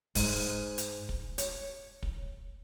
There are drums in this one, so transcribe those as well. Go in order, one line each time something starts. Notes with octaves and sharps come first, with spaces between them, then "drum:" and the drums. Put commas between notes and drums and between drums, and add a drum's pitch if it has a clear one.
G#2, drum: kick, open hi-hat
drum: hi-hat
drum: kick
C#5, drum: hi-hat
drum: kick